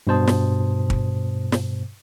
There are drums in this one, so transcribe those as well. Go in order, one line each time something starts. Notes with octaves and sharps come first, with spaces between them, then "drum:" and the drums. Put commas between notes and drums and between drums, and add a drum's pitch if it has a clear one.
G2 B2 C5 A5 D#6
drum: snare
drum: kick
drum: snare